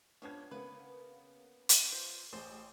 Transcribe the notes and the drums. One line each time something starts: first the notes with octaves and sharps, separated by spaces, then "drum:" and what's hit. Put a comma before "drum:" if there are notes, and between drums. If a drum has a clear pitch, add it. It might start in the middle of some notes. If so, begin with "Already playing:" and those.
F3 G3 B3 C#4 D4 G#6
C#3 A#3 B3 B4
drum: hi-hat
F4 C5
A1 G#4 C5